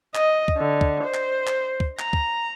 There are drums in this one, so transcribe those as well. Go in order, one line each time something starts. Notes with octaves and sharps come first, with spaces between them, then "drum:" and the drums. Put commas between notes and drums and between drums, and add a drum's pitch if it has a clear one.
D#5, drum: clap
drum: kick
D3
drum: kick
C5
drum: clap
drum: clap
drum: kick
A#5, drum: clap
drum: kick